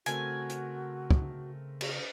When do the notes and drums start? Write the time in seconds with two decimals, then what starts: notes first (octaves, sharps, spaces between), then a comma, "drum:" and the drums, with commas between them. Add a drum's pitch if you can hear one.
0.06 C#3 A3 C4 F#4 A#4 G#5, drum: hi-hat
0.50 drum: hi-hat
1.11 drum: kick
1.81 drum: cymbal